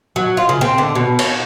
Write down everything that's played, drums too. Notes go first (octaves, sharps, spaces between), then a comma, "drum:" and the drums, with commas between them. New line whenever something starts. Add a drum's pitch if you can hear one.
F#3
F4
C#3
C4
D3
B2
C#5, drum: cymbal